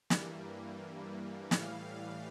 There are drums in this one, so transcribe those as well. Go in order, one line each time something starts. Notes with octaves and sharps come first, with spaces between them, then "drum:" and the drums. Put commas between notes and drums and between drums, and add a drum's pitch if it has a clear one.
G2 E3 G3 A#3, drum: snare
A2 E3 G3 F5, drum: snare